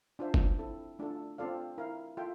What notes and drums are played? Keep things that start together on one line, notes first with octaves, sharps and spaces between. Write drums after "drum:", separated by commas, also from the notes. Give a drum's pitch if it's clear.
D4 F4 C5 E5
drum: kick
C4 E4 A4
A3 D4 F4 A4
C4 F4 A4 D5 F5
E4 A#4 F5
F4 A4 E5 G5